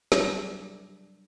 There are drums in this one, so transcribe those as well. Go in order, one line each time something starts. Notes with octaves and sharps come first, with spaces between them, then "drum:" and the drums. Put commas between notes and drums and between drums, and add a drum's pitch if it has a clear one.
F#3 G3 D4, drum: snare